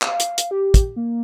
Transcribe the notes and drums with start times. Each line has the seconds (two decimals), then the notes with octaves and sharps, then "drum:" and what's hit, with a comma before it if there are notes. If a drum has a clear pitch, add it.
0.02 F5, drum: clap
0.20 drum: hi-hat
0.38 drum: hi-hat
0.51 G4
0.74 drum: kick, hi-hat
0.96 A#3